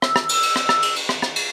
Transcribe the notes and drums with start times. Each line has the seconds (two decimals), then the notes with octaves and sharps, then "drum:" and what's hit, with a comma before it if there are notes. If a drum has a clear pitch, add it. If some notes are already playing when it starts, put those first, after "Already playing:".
0.02 E6, drum: rim click
0.16 drum: rim click
0.29 drum: cymbal
0.42 drum: cymbal
0.56 drum: rim click
0.69 drum: rim click
0.82 drum: cymbal
0.96 drum: cymbal
1.09 drum: rim click
1.22 drum: rim click
1.36 drum: cymbal